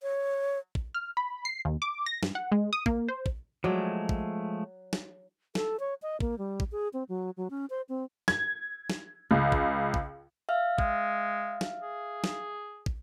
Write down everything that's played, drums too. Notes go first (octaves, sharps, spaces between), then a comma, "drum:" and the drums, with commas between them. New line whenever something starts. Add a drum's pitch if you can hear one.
C#5
drum: kick
F6
B5
C7
D#2
D6
A#6
G2, drum: snare
F#5
G#3
D#6
A#3, drum: kick
C5
drum: kick
F3 F#3 G#3 A3 D5
drum: kick
drum: snare
A4, drum: snare
C#5
D#5
A#3, drum: kick
G3
drum: kick
G#4
C4
F#3
F#3
C#4
C5
C4
G#6, drum: snare
drum: snare
C#2
drum: kick
drum: kick
E5 F5 F6
G#3, drum: kick
drum: snare
G#4
drum: snare
drum: kick